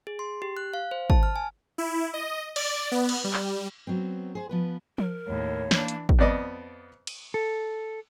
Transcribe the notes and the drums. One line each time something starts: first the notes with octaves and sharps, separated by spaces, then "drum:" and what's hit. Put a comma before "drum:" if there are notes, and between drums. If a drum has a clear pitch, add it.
G#4
C6
G4
F#6
F5
C5
A5, drum: kick
F6
G#5
E4
D#5
D5, drum: cymbal
B3
drum: cymbal
G3
drum: clap
F#3 B3 C4
G#4 C5
F3 B3 B4
A#4, drum: tom F3
D#2 A2 C#5
E3 A#3 D4, drum: snare
drum: hi-hat
drum: kick
F2 B3 D5 D#5
drum: cymbal
A4